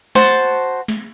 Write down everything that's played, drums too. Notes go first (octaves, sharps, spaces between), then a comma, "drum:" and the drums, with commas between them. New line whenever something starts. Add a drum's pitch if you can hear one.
F#4 C5 A5, drum: snare
drum: snare